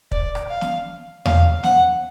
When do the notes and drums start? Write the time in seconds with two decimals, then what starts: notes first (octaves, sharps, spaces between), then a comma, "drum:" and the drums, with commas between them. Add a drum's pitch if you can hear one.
0.12 D5, drum: kick
0.35 drum: rim click
0.49 F5
0.61 drum: snare
1.25 F5, drum: tom E2
1.63 F#5, drum: snare